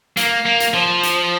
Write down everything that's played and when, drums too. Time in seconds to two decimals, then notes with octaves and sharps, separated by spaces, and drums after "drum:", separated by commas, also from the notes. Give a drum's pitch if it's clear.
0.17 A#3, drum: hi-hat
0.46 A#3
0.60 drum: hi-hat
0.74 F3
1.03 drum: hi-hat